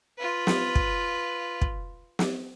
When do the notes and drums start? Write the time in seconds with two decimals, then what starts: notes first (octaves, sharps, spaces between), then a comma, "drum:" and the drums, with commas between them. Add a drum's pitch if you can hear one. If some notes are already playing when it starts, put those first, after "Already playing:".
0.18 F4 B4
0.47 drum: snare
0.75 drum: kick
1.62 drum: kick
2.19 drum: snare